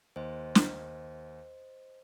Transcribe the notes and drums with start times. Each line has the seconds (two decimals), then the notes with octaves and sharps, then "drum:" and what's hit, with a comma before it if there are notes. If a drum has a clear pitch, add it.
0.16 D#2 C5 D#5
0.55 drum: snare